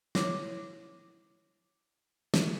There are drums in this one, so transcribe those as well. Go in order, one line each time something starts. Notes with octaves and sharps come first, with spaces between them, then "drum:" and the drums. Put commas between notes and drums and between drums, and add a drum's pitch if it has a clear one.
E4 C#5 D6, drum: snare
drum: snare